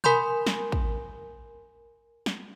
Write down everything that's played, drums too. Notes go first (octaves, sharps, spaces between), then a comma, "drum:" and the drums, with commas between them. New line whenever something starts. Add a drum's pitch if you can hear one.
A#4 G#5 B5 C6 G6, drum: tom B2
drum: snare
drum: kick
drum: snare